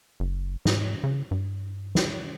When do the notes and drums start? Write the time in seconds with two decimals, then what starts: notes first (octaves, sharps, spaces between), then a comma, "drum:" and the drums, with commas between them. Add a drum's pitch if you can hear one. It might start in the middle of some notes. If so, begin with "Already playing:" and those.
0.20 F#1
0.65 G#2, drum: snare
1.04 C#3
1.31 G2
1.95 drum: snare